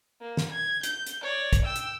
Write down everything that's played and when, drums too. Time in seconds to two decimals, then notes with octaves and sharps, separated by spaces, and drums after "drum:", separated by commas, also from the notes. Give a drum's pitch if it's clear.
0.21 A#3
0.37 drum: snare
0.52 G#6
0.83 G6, drum: hi-hat
1.07 drum: hi-hat
1.23 C#5 D5
1.53 drum: kick, hi-hat
1.65 G5 E6
1.76 drum: hi-hat